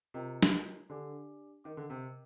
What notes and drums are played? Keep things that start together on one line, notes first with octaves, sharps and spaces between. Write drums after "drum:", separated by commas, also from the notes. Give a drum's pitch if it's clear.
C3 F4 A#4 D#5 G5 A#5
drum: snare
D3 D4 G4 D5 G#5 D6
D#3 A#4 D#5 G5 D6
D3
C3